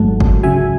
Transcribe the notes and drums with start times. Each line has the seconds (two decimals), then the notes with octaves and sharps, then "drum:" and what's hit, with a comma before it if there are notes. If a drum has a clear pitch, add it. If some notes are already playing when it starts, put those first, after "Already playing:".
Already playing: G#1 G#2 F#3 A3 F#5 A5
0.20 drum: kick F#1
0.43 C#2 C#3 F#3 E5 G#5